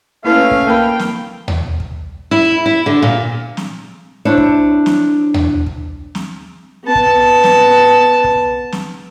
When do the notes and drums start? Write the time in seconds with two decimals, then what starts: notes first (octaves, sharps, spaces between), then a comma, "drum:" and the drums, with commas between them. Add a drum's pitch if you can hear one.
0.24 A3 A#3 C#4 E4 B4 F5
0.51 drum: kick
0.67 A#3 A#4 G5 B5
0.99 drum: snare
1.48 drum: tom D#2
1.80 drum: kick
2.31 E4
2.66 E4
2.86 D3
3.02 A#2
3.57 drum: snare
4.25 D4 E4 C5 C#5
4.38 drum: kick
4.86 drum: snare
5.34 drum: tom D#2
5.66 drum: kick
6.15 drum: snare
6.84 B3 A5
6.95 drum: kick
7.44 drum: snare
8.24 drum: kick
8.72 drum: snare